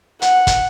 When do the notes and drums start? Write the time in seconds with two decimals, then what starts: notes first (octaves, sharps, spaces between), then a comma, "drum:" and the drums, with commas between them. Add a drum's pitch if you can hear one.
0.22 F#5, drum: hi-hat
0.47 drum: kick, hi-hat